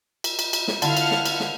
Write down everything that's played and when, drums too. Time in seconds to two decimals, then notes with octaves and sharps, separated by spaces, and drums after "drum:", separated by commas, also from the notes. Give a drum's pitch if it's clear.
0.24 drum: cymbal
0.39 drum: cymbal
0.53 drum: cymbal
0.68 drum: snare
0.82 D3 E4 F4 F5 F#5 A5 F6, drum: cymbal
0.97 drum: cymbal
1.11 drum: snare
1.25 drum: cymbal
1.40 drum: snare